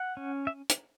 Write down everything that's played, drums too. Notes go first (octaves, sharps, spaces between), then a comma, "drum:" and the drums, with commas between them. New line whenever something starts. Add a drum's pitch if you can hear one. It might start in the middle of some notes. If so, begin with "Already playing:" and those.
Already playing: F#5
C#4
E5
drum: hi-hat